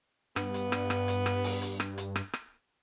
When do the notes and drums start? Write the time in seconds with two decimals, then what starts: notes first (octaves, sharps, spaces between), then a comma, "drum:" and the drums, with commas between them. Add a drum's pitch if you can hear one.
0.36 G2 B3, drum: rim click
0.54 drum: hi-hat
0.72 drum: rim click
0.90 drum: rim click
1.08 drum: hi-hat
1.26 drum: rim click
1.44 drum: open hi-hat
1.62 drum: hi-hat
1.80 drum: rim click
1.98 drum: hi-hat
2.16 drum: rim click
2.33 drum: rim click